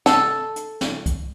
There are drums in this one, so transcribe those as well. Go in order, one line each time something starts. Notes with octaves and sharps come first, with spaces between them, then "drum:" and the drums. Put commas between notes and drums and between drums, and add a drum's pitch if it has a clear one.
A4, drum: snare
drum: hi-hat
drum: snare
drum: kick C2, hi-hat